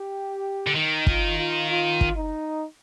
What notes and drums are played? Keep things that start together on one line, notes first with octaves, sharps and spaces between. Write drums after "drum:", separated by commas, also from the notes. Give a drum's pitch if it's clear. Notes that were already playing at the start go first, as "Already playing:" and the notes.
Already playing: G4
D3
D#3 D#4
F4, drum: kick
F4
F4
drum: kick
D#4